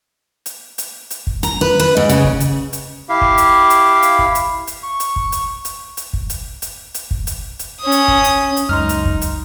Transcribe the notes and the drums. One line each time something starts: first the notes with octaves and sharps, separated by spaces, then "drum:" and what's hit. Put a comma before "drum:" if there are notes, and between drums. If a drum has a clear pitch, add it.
drum: hi-hat
drum: hi-hat
drum: hi-hat
drum: kick
A#5, drum: hi-hat
B4
B4
G#2
C#3, drum: hi-hat
drum: kick
drum: hi-hat
drum: hi-hat
E4 G4 F5
drum: kick
drum: hi-hat
drum: hi-hat
drum: hi-hat
drum: kick
drum: hi-hat
drum: hi-hat
C#6
drum: hi-hat
drum: kick
drum: hi-hat
drum: hi-hat
drum: hi-hat
drum: kick
drum: hi-hat
drum: hi-hat
drum: hi-hat
drum: kick
drum: hi-hat
drum: hi-hat
C#4 D#6
drum: hi-hat
drum: kick
drum: hi-hat
drum: hi-hat
C#2 F#2 D#4 C6 F6
drum: hi-hat
drum: kick
drum: hi-hat